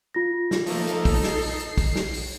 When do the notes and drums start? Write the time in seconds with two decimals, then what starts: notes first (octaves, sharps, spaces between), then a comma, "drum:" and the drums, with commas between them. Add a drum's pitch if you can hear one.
0.14 F4 A#6
0.51 drum: snare
0.67 F3 A3 A#3 D#4 A4, drum: open hi-hat
0.87 drum: hi-hat
1.05 drum: kick, open hi-hat
1.23 C7, drum: snare
1.41 drum: open hi-hat
1.59 drum: hi-hat
1.78 drum: kick, open hi-hat
1.96 drum: snare
2.14 drum: open hi-hat